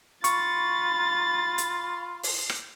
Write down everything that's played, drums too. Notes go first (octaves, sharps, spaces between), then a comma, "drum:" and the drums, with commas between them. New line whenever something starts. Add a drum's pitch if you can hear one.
F4 B5 C#6 A6, drum: hi-hat
drum: hi-hat
drum: open hi-hat
drum: rim click